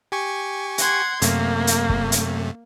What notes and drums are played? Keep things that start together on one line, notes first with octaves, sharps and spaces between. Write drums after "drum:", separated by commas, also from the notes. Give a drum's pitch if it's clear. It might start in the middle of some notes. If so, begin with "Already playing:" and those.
G4 G#5 C#6
F#5 C6 G#6, drum: hi-hat
F#2 C3 A3 A#3, drum: hi-hat
drum: hi-hat
drum: kick
drum: hi-hat